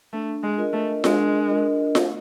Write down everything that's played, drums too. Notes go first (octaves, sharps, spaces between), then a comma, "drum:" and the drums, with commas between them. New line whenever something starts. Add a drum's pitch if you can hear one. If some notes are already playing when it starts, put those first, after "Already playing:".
A3 D4
G#3
F4 A#4 D#5
A3
G#3 D4, drum: snare F4
F4 A#4 D#5
A3, drum: snare F4